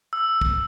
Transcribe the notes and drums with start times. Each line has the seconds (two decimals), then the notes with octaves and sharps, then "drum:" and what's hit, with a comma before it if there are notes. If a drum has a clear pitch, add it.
0.13 E6
0.41 drum: kick